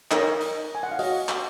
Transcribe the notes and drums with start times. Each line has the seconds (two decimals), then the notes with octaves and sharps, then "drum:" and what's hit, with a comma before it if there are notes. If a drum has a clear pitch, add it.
0.11 D#4 A#4 C#5 D#5, drum: clap
0.41 drum: open hi-hat
0.75 G#5
0.83 F#5
0.91 F5
0.99 F#4 C#5 D#5, drum: open hi-hat
1.29 drum: clap